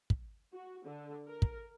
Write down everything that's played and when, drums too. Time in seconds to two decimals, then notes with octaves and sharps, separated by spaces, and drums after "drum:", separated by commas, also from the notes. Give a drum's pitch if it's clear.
0.10 drum: kick
0.54 F#4
0.86 D3
1.28 A#4
1.42 drum: kick